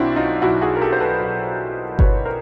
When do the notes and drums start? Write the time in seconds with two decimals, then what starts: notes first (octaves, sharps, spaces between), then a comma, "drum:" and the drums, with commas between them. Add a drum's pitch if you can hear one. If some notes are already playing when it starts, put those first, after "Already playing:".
Already playing: B1 B2 C4 D4 E4 F#4
0.16 D#4 F4
0.42 B1 B2 E4 F#4
0.62 F#4 G#4
0.76 A#4
0.81 G4 A4
0.93 C5
1.00 A4 B4
1.20 B1 B2
1.99 B1 B2 B4 C#5, drum: kick G1
2.25 A#4 C5